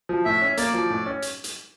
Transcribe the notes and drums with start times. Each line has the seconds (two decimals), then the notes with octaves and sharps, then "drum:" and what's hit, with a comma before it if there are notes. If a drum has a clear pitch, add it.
0.09 F3
0.25 A2 E5
0.41 C#4
0.57 A#3 D5, drum: hi-hat
0.74 F3
0.90 A2
1.06 C#4
1.22 drum: hi-hat
1.44 drum: hi-hat